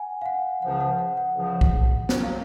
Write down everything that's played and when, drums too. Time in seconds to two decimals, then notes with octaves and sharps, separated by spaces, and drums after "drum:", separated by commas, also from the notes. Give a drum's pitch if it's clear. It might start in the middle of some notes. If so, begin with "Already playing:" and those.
Already playing: F#5 G#5
0.22 F5
0.26 F#5
0.62 C#2 C#3 F3 F#5
0.81 F#5
0.99 F#5
1.17 F#5
1.35 C#2 C#3 F3
1.61 drum: kick
2.09 A#2 F#3 C4, drum: snare
2.23 F5